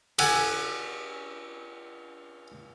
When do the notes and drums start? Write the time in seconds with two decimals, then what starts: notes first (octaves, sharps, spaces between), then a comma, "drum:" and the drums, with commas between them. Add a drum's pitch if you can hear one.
0.19 A4 F#5 G#5 A5, drum: cymbal